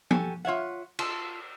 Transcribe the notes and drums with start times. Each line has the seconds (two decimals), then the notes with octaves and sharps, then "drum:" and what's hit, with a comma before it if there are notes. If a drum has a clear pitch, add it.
0.11 F#4 G4 A4 G#5, drum: tom F3
0.45 F4 C#5 E5 F#5
0.99 F4 A5, drum: cymbal